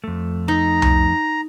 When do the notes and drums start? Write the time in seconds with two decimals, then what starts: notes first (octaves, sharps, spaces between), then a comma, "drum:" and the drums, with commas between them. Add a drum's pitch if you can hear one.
0.04 F2 A3
0.48 D#4 A#5
0.82 drum: tom C2